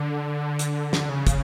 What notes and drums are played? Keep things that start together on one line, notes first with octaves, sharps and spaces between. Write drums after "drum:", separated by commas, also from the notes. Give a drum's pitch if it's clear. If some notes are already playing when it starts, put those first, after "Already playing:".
Already playing: D3
drum: hi-hat
drum: snare
C#3
drum: kick, hi-hat